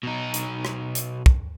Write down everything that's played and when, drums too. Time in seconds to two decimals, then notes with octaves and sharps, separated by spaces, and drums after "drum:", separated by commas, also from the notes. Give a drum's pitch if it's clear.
0.03 B2 D#4
0.34 drum: hi-hat
0.65 drum: rim click
0.95 drum: hi-hat
1.26 drum: kick